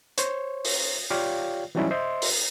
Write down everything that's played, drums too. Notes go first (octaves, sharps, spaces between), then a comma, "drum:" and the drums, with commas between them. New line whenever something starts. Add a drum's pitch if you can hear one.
C5 C#5, drum: hi-hat
drum: open hi-hat
F4 G4 C#5 D5 F5 G5
E3 F#3 G3 C#4 D#4 E4
C5 D#5 E5 C6
drum: open hi-hat